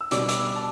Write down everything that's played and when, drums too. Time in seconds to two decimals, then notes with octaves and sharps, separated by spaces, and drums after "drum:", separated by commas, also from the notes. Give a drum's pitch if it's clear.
0.01 E6
0.11 B2 G3 D4 D6, drum: hi-hat
0.29 E6, drum: hi-hat
0.47 D6
0.56 A5